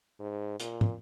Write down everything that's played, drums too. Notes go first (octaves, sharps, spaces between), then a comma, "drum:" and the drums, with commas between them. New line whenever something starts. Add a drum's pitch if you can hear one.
G#2
A#2, drum: hi-hat
drum: tom